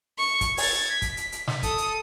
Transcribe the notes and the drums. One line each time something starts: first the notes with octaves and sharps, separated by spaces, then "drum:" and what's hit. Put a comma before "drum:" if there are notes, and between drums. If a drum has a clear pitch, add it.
C#6
drum: kick, hi-hat
G#6 A6, drum: open hi-hat
B6
drum: kick, hi-hat
drum: hi-hat
drum: hi-hat
drum: snare
A4 D#6, drum: kick, hi-hat
drum: hi-hat